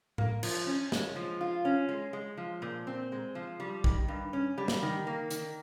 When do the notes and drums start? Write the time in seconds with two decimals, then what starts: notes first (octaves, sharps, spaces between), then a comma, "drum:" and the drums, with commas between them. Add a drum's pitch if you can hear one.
0.18 A#3, drum: tom A2
0.43 F3, drum: cymbal
0.67 C#4
0.92 G#3, drum: snare
1.16 F3
1.41 F4
1.65 C#4
1.89 G#3
2.13 G#3
2.37 F3
2.62 A#2
2.87 C4
3.12 G#3
3.35 F3
3.60 G3
3.84 D#3, drum: kick
4.08 G2
4.33 C#4
4.58 G3
4.68 drum: snare
4.83 D#3
5.07 A#3
5.30 D#3, drum: hi-hat